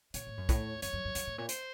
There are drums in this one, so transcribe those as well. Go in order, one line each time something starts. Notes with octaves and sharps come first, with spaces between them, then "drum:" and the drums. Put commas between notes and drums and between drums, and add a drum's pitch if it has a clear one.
A#2 C#5, drum: hi-hat
A2
F#2
A2, drum: kick, hi-hat
F#2 C#5, drum: hi-hat
F#2
F#2
F#2, drum: hi-hat
A2
A#2 C#5
C5, drum: hi-hat